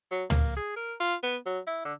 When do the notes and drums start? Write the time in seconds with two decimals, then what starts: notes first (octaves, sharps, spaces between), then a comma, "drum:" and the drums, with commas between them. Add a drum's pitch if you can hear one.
0.11 F#3
0.30 A#3, drum: tom
0.57 G#4
0.76 A#4
1.01 F4
1.23 B3
1.46 F#3
1.67 E4
1.85 D3